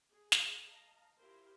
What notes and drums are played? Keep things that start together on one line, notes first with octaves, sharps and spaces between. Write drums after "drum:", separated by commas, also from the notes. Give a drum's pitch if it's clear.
G#4
drum: snare
D#5 F5 A5 A#5
E4 F4 G4 A#4 C5